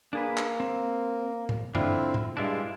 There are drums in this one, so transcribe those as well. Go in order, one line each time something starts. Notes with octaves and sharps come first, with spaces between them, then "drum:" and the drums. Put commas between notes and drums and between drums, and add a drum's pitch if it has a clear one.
A#3 D4 G#4 B4
drum: clap
C4
drum: tom A2
D3 C4 D4 E4 F4, drum: tom F#2
drum: tom A2
G2 G#3 D4 E4 F4